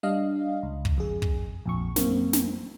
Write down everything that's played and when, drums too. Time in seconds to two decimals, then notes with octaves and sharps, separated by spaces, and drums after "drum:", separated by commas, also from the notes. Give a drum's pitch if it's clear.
0.03 G3 D4 D#5 F5
0.63 C#2
0.85 drum: kick
0.98 F2 G#4
1.22 drum: kick
1.66 A#1 F2 C#6
1.96 F#2 A#3 C4, drum: snare
2.33 drum: snare